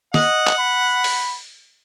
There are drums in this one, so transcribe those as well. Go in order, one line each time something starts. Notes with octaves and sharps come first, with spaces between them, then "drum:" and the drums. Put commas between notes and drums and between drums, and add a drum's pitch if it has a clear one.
D#5 F#5, drum: snare
drum: clap
B5
drum: open hi-hat